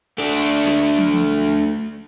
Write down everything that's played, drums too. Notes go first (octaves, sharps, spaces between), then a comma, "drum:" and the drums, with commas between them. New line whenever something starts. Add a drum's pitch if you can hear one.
A3 D4
drum: snare
drum: tom F3